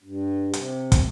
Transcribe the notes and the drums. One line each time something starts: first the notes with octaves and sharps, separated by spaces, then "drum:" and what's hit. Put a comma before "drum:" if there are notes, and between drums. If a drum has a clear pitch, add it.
G2
C3, drum: hi-hat
drum: kick, hi-hat